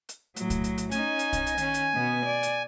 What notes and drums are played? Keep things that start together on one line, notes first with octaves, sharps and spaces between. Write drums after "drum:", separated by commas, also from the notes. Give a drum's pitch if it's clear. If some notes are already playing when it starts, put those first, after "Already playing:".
drum: hi-hat
A2 F#3, drum: hi-hat
drum: kick B1, hi-hat
drum: hi-hat
drum: hi-hat
C#4 D#4 G#5, drum: hi-hat
drum: hi-hat
drum: kick B1, hi-hat
drum: hi-hat
D#3 C#4, drum: hi-hat
drum: hi-hat
B2 B3
D5
drum: hi-hat